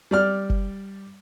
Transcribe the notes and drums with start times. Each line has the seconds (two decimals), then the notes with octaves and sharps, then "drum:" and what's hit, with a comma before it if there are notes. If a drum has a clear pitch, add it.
0.11 G3 D5 F6
0.50 drum: kick F#1